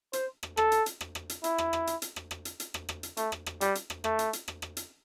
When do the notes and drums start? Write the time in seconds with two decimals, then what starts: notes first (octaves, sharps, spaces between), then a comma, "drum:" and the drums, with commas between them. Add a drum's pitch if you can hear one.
0.13 C5, drum: hi-hat
0.43 drum: rim click
0.57 A4, drum: rim click
0.72 drum: hi-hat
0.86 drum: hi-hat
1.01 drum: rim click
1.15 drum: rim click
1.29 drum: hi-hat
1.44 E4, drum: hi-hat
1.58 drum: rim click
1.73 drum: rim click
1.87 drum: hi-hat
2.02 drum: hi-hat
2.16 drum: rim click
2.31 drum: rim click
2.45 drum: hi-hat
2.60 drum: hi-hat
2.74 drum: rim click
2.89 drum: rim click
3.03 drum: hi-hat
3.17 A3, drum: hi-hat
3.32 drum: rim click
3.46 drum: rim click
3.61 G3, drum: hi-hat
3.75 drum: hi-hat
3.90 drum: rim click
4.04 A3, drum: rim click
4.19 drum: hi-hat
4.33 drum: hi-hat
4.48 drum: rim click
4.62 drum: rim click
4.77 drum: hi-hat